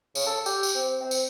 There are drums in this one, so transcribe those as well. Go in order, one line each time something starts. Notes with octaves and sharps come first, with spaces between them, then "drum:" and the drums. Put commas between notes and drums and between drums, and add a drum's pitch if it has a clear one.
C#3, drum: tambourine
A4
G4, drum: tambourine
drum: tambourine
C4
C4
drum: tambourine